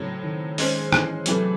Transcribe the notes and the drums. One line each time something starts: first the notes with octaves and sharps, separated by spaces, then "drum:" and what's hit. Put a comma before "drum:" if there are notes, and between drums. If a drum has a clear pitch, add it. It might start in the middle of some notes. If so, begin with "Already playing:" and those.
Already playing: A2 C#3 F#3 C4
D#3
D#3 G#3 C#4 G#4 C5, drum: open hi-hat
E3, drum: rim click
C3 E3 F#3 A3, drum: hi-hat